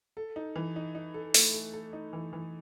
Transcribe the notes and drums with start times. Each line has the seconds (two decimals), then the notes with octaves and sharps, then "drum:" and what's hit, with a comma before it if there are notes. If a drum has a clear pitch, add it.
0.17 A4
0.36 D#4
0.56 E3
0.76 D#4
0.95 D#4
1.14 A4
1.34 A3, drum: open hi-hat
1.54 A4
1.74 A4
1.93 D#4
2.13 E3
2.33 E3